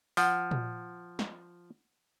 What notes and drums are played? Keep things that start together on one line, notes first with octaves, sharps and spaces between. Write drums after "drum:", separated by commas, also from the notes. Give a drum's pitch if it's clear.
F3 F#5, drum: open hi-hat
drum: tom A#2
drum: snare